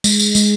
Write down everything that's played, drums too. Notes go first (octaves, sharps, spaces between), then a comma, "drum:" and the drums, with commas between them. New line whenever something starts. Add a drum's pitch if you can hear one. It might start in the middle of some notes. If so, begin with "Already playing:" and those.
G#3, drum: tambourine
drum: tambourine
G#3, drum: tambourine